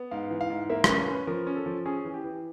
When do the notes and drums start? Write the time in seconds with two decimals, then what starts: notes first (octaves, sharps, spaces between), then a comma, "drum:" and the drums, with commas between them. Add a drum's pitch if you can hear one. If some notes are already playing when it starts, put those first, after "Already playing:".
Already playing: B3
0.11 G#2 F5
0.30 E3
0.41 F5
0.50 G#2
0.70 A#3 E5
0.84 C#4 B4, drum: rim click
0.99 A#4
1.08 C#4 B4
1.27 F3 A#4
1.47 C#4
1.56 A4
1.66 F3
1.85 C#4 G#4
2.05 E3
2.14 G4
2.24 E3